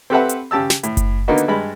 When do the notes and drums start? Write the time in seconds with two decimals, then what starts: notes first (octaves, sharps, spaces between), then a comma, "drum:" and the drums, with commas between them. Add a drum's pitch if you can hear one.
0.10 C4 G4 A4 B4 E5 F#5
0.29 drum: hi-hat
0.51 C#3 G4 A5 E6
0.70 drum: snare
0.83 A2, drum: hi-hat
0.97 drum: kick F#1, hi-hat
1.28 D3 A#3 B3 D#4 F#4
1.38 drum: hi-hat
1.48 G2 G#3 B5